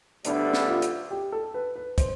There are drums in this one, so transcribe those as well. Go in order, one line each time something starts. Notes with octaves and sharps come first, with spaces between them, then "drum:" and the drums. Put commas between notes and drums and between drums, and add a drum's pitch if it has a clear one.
D2 D3 G3 B3 D4 E4, drum: hi-hat
drum: snare C#4
F4
drum: hi-hat
G4
A4
B4
B4
C5, drum: kick, hi-hat